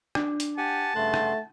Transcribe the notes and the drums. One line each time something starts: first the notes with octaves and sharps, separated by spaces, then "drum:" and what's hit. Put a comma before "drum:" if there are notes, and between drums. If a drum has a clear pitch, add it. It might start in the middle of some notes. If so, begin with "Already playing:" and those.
D4, drum: rim click
drum: hi-hat
G4 F#5 G#5 A5
G2 C#3 A3 F#5 C6
drum: rim click